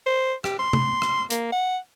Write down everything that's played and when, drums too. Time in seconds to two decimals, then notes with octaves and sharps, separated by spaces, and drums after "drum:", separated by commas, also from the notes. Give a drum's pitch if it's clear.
0.06 C5
0.44 G4, drum: rim click
0.59 C6
0.73 drum: tom
1.02 drum: rim click
1.30 A#3, drum: hi-hat
1.52 F#5